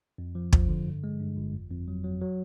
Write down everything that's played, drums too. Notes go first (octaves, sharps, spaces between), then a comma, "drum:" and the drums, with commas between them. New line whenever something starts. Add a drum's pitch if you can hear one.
F2
F3
F3, drum: kick
D3
G2
G#3
G2
G1
F2
F2
F#3
F#3
F#3